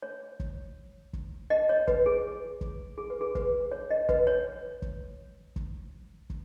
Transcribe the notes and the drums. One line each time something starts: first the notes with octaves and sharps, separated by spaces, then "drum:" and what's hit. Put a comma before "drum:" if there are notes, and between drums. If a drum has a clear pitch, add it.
C#5
drum: kick
drum: kick
D#5
C#5
B4, drum: kick
G#4
drum: kick
G#4
B4
G#4
B4, drum: kick
C#5
D#5
B4, drum: kick
C#5
drum: kick
drum: kick
drum: kick